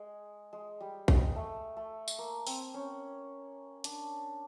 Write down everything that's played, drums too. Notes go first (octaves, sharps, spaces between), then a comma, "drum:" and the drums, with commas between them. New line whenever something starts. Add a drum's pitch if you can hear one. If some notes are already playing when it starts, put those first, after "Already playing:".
Already playing: G#3
G#3
G3
G#3, drum: kick
A3
A3
drum: tambourine
A#3
C4, drum: open hi-hat
C#4
D4, drum: hi-hat